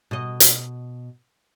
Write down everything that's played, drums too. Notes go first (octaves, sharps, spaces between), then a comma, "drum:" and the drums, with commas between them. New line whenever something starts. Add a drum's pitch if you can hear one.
B2 D#5
drum: hi-hat